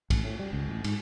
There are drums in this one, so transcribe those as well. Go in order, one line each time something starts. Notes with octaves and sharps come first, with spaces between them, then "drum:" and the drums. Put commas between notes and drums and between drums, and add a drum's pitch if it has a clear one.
A1, drum: kick A#1, cymbal
A2
G3
C#2
A1
G#2, drum: cymbal